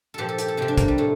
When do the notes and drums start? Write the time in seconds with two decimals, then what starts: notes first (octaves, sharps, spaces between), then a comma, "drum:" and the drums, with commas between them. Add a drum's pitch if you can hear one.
0.14 A#2 F3 G4 A4
0.29 A4
0.38 G4, drum: hi-hat
0.48 A4
0.57 C3 F3 G4
0.68 D4
0.78 A#3, drum: kick, hi-hat
0.88 G3
0.98 A2 A3